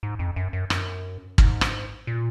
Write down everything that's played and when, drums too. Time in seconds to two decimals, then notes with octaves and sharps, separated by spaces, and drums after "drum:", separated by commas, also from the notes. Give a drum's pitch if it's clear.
0.03 G#2
0.19 F2
0.36 F#2
0.53 F#2
0.70 F#2, drum: rim click
1.38 G#2, drum: kick
1.61 drum: rim click
2.07 A#2